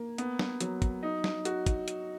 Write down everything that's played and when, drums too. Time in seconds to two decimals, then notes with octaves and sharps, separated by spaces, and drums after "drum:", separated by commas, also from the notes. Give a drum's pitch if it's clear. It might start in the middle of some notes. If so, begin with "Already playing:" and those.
Already playing: A#3
0.18 B3, drum: hi-hat
0.39 drum: snare
0.60 F#3, drum: hi-hat
0.82 drum: kick, hi-hat
1.03 D#4
1.24 drum: snare
1.45 F#4, drum: hi-hat
1.66 drum: kick, hi-hat
1.88 drum: hi-hat